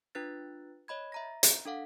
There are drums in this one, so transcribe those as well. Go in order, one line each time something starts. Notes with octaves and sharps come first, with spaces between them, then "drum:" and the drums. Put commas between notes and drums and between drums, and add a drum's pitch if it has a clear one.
D4 F4 B4 F#6 A6
C#5 D#5 B5 G#6
E5 A#5 A#6
drum: hi-hat
D4 A4 F5 F#5